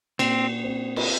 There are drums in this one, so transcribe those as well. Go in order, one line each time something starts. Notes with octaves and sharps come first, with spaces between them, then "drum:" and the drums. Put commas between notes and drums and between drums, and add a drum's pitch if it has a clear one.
A#2 C4, drum: cymbal
C4
drum: cymbal